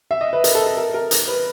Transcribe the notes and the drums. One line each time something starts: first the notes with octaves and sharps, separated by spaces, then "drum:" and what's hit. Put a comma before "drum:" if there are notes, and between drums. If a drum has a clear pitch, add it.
E5
D#5
B4
A#4, drum: hi-hat
A4
A4
A#4
A#4
drum: hi-hat
B4